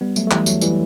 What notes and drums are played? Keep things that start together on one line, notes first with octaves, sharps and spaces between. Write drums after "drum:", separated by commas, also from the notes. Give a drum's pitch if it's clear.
G3 B3
F#3 A3, drum: tambourine
A3
E3 G3, drum: clap
F#3 A3, drum: tambourine
E3 G3, drum: tambourine